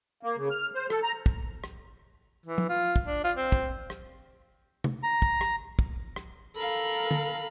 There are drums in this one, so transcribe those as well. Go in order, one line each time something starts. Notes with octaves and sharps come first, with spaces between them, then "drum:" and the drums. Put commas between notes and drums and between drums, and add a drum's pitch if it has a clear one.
A#3
C#3
F6
C5
A4, drum: rim click
A#5
drum: kick
drum: rim click
E3
drum: tom
F4
drum: kick
D4
F4
C4
drum: kick
drum: rim click
drum: tom C3
A#5
drum: kick
drum: rim click
drum: kick
drum: rim click
A4 A#4 F5 B5
drum: tom